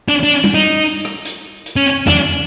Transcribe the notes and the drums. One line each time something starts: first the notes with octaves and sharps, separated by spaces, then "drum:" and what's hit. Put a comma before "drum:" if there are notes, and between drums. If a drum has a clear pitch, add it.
D4
D4
drum: tom G3
D#4
drum: open hi-hat
drum: rim click
drum: hi-hat
drum: hi-hat
C#4
D4, drum: tom E2